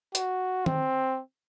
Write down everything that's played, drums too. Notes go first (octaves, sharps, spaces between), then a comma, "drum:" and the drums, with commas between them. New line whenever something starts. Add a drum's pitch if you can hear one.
F#4, drum: hi-hat
C4, drum: tom D#3